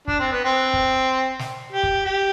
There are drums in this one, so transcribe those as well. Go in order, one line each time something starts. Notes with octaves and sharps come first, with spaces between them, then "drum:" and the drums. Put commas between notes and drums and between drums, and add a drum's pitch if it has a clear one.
D4, drum: kick
C4
B3
C4
drum: kick
drum: snare
G4
drum: kick
G4